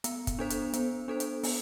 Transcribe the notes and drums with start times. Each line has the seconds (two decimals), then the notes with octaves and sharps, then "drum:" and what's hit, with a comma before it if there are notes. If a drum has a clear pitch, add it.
0.04 B3, drum: hi-hat
0.27 drum: kick, hi-hat
0.39 D4 A4 C5
0.50 drum: hi-hat
0.73 B3, drum: hi-hat
1.08 D4 A4 C5
1.20 drum: hi-hat
1.43 B3, drum: open hi-hat